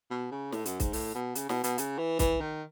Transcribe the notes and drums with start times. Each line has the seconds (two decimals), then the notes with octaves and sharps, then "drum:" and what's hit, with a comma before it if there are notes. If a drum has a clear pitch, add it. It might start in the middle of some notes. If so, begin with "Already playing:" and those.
0.10 B2
0.31 C#3
0.52 A2, drum: snare
0.65 F#2, drum: hi-hat
0.80 G#2, drum: kick, hi-hat
0.93 A2, drum: open hi-hat
1.15 B2
1.35 C#3, drum: hi-hat
1.49 B2, drum: snare
1.64 B2, drum: hi-hat
1.78 C#3, drum: hi-hat
1.98 E3
2.19 E3, drum: kick, hi-hat
2.41 D#3